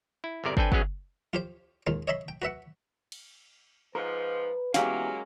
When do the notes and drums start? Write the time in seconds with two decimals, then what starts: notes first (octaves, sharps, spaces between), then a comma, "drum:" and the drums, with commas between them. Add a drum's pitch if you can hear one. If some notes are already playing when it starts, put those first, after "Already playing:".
0.24 E4
0.44 G1 E2 C3 A#4 D5
0.57 C4 D4 A4 B4 G5 G#5, drum: kick
0.72 F#3 G#3 B3 C#4 G#4, drum: kick
1.33 F4 G4 C5, drum: tom F3
1.87 D#2 G#3 D#4 F4
2.08 C#5 D#5 E5 B5 C6
2.28 G5
2.42 F#4 B4 E5 F#5
3.12 drum: cymbal
3.95 G#2 F3 A#4 B4
4.74 E2 F#3 G#3 A#3 C#4 G4 F5, drum: snare